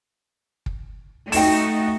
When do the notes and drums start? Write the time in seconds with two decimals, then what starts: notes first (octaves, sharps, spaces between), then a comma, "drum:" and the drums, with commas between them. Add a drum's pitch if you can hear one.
0.66 drum: kick
1.32 A3 D#4 F#4 G5 E7, drum: open hi-hat